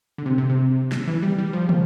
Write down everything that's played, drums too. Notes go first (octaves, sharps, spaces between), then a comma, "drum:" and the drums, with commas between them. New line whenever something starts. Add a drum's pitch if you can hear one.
D3
C3
C3
C3
drum: snare
E3
G3
G3
F3
drum: tom